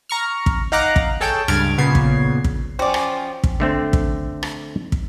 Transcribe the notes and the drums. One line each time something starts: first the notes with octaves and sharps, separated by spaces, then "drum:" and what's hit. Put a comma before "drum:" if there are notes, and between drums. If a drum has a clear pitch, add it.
A#5 C#6 F6
drum: kick
D#4 F5 F#5 A#5 D6 F#6
drum: kick
G#4 A4 C#5 G5 A5 G6
C#2 G2 F6 G#6 A6 D7, drum: rim click
A#2 C#3 B3 G#6 C7
drum: kick
drum: kick
F3 C#4 F#4 C5 D5 G5
drum: rim click
drum: kick
D3 A3 C4
drum: kick
drum: rim click
drum: kick